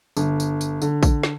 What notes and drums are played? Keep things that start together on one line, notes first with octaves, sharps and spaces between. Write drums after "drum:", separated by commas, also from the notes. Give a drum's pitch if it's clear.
G1, drum: tambourine
drum: tambourine
drum: tambourine
D3, drum: tambourine
drum: kick, tambourine
drum: snare